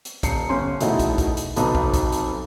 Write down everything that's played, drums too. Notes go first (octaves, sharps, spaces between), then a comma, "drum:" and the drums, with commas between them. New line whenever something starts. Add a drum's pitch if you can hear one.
drum: hi-hat
D#1 C7 C#7, drum: kick, hi-hat
G1 C#4 C6
E1 B2 A3 D#4 E4 F#4, drum: hi-hat
drum: kick, hi-hat
drum: kick, hi-hat
drum: hi-hat
F1 B1 F#3 B3 D#4 A4, drum: hi-hat
drum: kick
drum: kick, hi-hat
drum: hi-hat